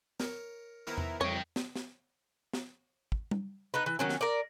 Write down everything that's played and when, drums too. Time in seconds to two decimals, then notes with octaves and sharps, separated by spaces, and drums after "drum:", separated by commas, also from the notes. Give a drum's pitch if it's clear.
0.20 A#4 C#5, drum: snare
0.87 D#3 B3 E4 A#4 C5
0.98 drum: tom E2
1.21 C2 F2 C#5 D#5 G5
1.56 drum: snare
1.76 drum: snare
2.53 drum: snare
3.12 drum: kick
3.31 drum: tom
3.74 B3 D#4 B4
3.86 E3
3.99 D#3 F#3 C#4
4.09 drum: snare
4.21 A#4 D5